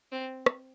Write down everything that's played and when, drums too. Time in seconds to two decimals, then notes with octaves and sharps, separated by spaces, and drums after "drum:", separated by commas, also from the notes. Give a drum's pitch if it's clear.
0.12 C4
0.46 drum: rim click